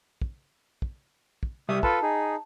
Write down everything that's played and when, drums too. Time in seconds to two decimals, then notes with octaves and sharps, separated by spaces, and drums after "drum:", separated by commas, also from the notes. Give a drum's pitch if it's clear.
0.22 drum: kick
0.82 drum: kick
1.43 drum: kick
1.69 C2 G3 E5 D#6
1.83 F4 A4 B4 A5, drum: kick
2.02 D#4 G#4